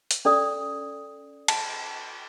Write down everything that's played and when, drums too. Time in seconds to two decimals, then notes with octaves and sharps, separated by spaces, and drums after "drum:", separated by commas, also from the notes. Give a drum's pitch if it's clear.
0.11 drum: hi-hat
0.25 C#4 A4 D5 D#6
1.48 A5, drum: cymbal